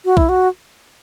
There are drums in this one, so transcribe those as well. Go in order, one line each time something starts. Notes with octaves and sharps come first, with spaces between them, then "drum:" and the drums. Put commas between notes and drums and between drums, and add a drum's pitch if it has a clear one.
F#4
E4, drum: kick B1
F#4